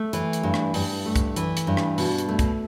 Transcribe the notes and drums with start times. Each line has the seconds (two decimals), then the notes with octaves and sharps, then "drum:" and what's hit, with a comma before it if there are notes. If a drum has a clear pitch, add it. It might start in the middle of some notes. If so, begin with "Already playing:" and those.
Already playing: A3
0.13 E3, drum: hi-hat
0.33 drum: hi-hat
0.43 G2
0.54 drum: rim click
0.74 G2, drum: open hi-hat
1.06 A3
1.16 drum: kick, hi-hat
1.36 E3, drum: hi-hat
1.57 drum: hi-hat
1.67 G2
1.77 drum: rim click
1.98 B2, drum: open hi-hat
2.18 drum: hi-hat
2.29 A3
2.39 drum: kick, hi-hat